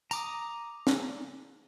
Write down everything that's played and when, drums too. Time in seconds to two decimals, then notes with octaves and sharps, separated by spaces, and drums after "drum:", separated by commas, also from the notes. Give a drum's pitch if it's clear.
0.11 A#5 D6 D#6, drum: tambourine
0.87 drum: snare